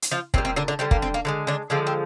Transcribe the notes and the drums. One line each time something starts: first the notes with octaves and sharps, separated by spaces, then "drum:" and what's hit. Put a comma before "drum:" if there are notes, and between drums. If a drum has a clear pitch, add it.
drum: hi-hat
F3 F4
A#2 G3 C4, drum: kick
C4
D3 D4
D3 D4
D3 G3 C4
A#3, drum: kick
C4
A#3
D3 F3 G#3
D3 D4
D3 F3 G#3 C4
C4